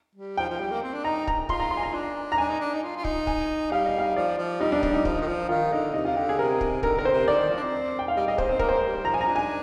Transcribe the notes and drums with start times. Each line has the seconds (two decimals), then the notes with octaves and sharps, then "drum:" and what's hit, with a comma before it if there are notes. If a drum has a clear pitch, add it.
0.16 G3
0.37 F3 G5
0.50 F3
0.60 G3
0.72 A#3
0.83 C4
0.94 D4
1.04 D#4 A#5
1.27 A#5, drum: kick
1.49 F4 C6, drum: kick
1.60 A#5
1.71 C6
1.77 G#5
1.83 A#5
1.94 D4
2.32 A#5
2.38 D4 G#5
2.49 D#4
2.60 D4
2.75 D#4
2.83 F4
2.97 F4
3.04 D#4, drum: kick
3.27 G#5, drum: kick
3.71 G3 F5
3.86 D#5
3.98 F5
4.16 F3 D5
4.38 F3
4.60 G3 D#4
4.72 D4
4.83 D4, drum: kick
4.94 D#4
5.05 F3, drum: kick
5.21 D#3
5.27 F3
5.49 D#3 F4
5.72 D3 D#4
5.94 C3 D#4
6.05 F4
6.16 D3 G4
6.29 G#4
6.38 C3 A#4
6.61 drum: kick
6.83 D3 A#4, drum: kick
6.97 D3 A#4
7.05 C5
7.12 C3
7.27 D3 D5
7.39 D#3
7.50 F3
7.57 D4
7.60 C4
7.99 G5
8.08 F5
8.16 G3 D#5
8.27 G3 D#5
8.38 G#3 C5, drum: kick
8.49 C4 C5
8.59 A#3 A#4, drum: kick
8.69 C5
8.78 G#3
8.83 G3
9.05 F3 A#5
9.14 G#5
9.21 A#5
9.28 D4
9.36 G#5